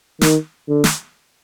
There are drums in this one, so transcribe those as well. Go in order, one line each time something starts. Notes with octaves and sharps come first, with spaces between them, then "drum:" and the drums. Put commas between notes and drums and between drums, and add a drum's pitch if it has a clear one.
D#3, drum: snare
D3
drum: snare